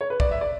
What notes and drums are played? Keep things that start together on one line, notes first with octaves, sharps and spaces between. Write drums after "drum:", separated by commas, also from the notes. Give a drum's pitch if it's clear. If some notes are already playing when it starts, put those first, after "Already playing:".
C#5
B4
D5, drum: kick
E5
D5